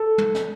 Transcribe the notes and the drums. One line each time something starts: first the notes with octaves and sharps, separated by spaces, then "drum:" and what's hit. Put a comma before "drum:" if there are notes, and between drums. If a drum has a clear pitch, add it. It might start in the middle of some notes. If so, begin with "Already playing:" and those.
Already playing: A4
drum: tom
drum: snare